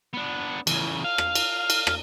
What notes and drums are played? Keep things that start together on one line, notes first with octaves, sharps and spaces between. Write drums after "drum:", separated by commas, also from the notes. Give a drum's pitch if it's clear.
B3 D4
E2 C#3, drum: cymbal
F5
drum: rim click
drum: cymbal
drum: cymbal
drum: rim click